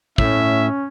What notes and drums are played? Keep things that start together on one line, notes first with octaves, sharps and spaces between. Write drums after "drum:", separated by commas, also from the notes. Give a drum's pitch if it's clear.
A2 C#4 E5, drum: kick